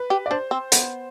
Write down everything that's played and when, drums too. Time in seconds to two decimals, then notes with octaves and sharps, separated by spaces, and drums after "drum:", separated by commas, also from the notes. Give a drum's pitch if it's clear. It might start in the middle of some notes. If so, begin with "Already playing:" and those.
Already playing: B4
0.10 G4
0.26 D5
0.31 D4 C5
0.51 C4
0.72 B3, drum: hi-hat